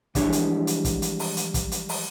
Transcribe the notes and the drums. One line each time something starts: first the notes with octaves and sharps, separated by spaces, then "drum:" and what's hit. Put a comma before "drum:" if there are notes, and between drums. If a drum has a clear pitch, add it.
E3 F3 G3 G#3 D4 C#5, drum: kick, hi-hat
drum: hi-hat
drum: hi-hat
drum: kick, hi-hat
drum: hi-hat
drum: open hi-hat
drum: hi-hat
drum: kick, hi-hat
drum: hi-hat
drum: open hi-hat